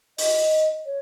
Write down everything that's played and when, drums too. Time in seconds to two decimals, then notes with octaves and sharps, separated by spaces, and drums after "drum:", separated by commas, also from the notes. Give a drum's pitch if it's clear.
0.18 D#5, drum: open hi-hat
0.86 C#5